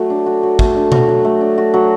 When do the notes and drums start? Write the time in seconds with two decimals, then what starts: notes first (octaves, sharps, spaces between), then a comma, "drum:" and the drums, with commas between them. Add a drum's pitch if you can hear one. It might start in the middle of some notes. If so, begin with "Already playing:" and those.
Already playing: F#3 A3 F#4
0.10 D4
0.26 F#4
0.43 F#3
0.59 A3, drum: kick
0.76 D4
0.92 F#4, drum: tom B2
1.08 F#3
1.25 A3
1.41 D4
1.58 F#4
1.74 F#3